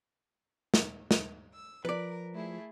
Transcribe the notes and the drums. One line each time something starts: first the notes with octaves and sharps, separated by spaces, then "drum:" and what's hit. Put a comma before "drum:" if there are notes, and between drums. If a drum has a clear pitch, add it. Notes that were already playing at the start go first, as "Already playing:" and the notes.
drum: snare
drum: snare
E6
F3 A#4 B4 D5
A3 E4 G#4